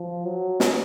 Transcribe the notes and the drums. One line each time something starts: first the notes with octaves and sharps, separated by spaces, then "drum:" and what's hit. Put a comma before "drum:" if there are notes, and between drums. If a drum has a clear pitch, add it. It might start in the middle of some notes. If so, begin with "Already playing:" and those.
Already playing: F3
F#3
drum: snare